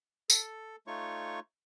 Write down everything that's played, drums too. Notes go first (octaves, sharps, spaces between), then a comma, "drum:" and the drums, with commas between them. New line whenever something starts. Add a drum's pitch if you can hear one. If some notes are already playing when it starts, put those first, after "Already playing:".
A4, drum: tambourine
A3 D#4 F4 C#5 C#6